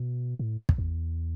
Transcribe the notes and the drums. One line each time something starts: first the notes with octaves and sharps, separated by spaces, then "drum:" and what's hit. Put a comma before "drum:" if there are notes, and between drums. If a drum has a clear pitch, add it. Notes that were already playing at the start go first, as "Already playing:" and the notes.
Already playing: B2
A2
drum: kick
E2